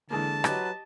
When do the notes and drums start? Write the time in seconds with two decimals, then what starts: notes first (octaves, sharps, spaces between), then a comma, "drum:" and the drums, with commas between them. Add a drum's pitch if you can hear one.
0.10 D3 E3 G#3 A#3 A5
0.44 F#3 G4 B4 D#5, drum: rim click